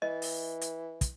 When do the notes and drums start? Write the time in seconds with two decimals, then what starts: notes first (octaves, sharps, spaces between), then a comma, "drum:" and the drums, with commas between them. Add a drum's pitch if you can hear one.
0.02 E3 D#5
0.22 drum: open hi-hat
0.61 drum: hi-hat
1.01 drum: kick, hi-hat